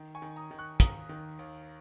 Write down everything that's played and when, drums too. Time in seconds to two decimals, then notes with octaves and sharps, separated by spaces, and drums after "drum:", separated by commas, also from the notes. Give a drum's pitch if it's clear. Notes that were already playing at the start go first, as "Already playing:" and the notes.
Already playing: D#3
0.15 G#5 C#6
0.22 D#3
0.36 A#5 D#6
0.51 D#3
0.58 C#6 F#6
0.80 D#2 A#5 D#6, drum: kick, hi-hat
1.09 D#3
1.39 D#2